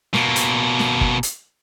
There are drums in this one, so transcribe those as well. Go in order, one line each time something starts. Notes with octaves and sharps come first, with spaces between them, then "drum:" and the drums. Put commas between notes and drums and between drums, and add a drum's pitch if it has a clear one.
B2 A#3, drum: snare
drum: hi-hat
drum: snare
drum: kick G1
drum: hi-hat